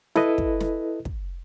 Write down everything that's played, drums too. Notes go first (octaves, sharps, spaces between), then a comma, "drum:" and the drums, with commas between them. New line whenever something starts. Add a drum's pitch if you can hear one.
E4 A4 B4 D#5, drum: snare
drum: kick
drum: snare
drum: kick